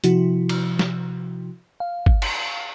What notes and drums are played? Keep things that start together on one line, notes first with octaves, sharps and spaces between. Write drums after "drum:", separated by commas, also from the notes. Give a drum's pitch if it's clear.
C3 F3 E4 F#4, drum: hi-hat
drum: cymbal
drum: snare
F5
drum: kick
drum: cymbal